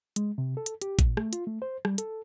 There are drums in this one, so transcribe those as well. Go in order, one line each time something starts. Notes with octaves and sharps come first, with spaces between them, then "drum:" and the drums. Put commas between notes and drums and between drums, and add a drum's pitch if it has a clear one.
G#3, drum: hi-hat
C3
A4
drum: hi-hat
G4, drum: hi-hat
A#2, drum: kick A1, hi-hat
A3, drum: rim click
F4, drum: hi-hat
A3
C5
G3, drum: rim click
A4, drum: hi-hat